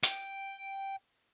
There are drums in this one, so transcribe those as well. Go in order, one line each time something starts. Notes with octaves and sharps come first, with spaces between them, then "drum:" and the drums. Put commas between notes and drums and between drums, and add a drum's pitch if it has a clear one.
G5, drum: hi-hat